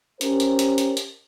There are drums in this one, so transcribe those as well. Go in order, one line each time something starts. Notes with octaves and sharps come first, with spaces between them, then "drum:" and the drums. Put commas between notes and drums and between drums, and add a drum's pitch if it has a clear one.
C#4 G4 A#4 C5, drum: hi-hat
drum: hi-hat
drum: hi-hat
drum: hi-hat
drum: hi-hat